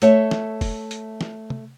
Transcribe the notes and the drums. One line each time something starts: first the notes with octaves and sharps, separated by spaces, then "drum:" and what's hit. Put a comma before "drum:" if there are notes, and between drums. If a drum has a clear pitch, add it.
A3 C#5 E5, drum: hi-hat
drum: snare
drum: kick, open hi-hat
drum: hi-hat
drum: snare
drum: tom